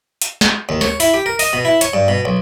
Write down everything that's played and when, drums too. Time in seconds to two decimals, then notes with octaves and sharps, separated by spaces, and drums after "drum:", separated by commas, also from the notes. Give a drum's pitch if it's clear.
0.22 drum: hi-hat
0.41 drum: snare
0.69 D#2
0.81 C#5, drum: snare
1.00 E4, drum: open hi-hat
1.14 G4
1.26 A#4
1.39 D#5, drum: open hi-hat
1.53 B2
1.65 E4
1.81 C#5, drum: hi-hat
1.94 G2
2.08 B2
2.25 B1